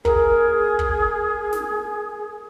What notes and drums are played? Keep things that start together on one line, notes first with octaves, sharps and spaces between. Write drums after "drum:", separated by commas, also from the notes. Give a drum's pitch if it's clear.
G#4 A#4, drum: kick
drum: kick
drum: snare